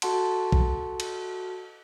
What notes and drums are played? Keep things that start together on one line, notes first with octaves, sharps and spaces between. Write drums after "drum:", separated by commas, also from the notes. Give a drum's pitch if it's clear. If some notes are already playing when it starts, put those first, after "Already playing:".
F#4 A4 F#5 A5 C6, drum: cymbal
drum: kick B1
drum: cymbal